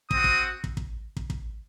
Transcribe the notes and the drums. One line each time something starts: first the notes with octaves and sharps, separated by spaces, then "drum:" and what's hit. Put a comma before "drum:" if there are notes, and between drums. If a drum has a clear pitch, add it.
C4 F#4 D#6, drum: kick
drum: kick
drum: kick
drum: kick
drum: kick
drum: kick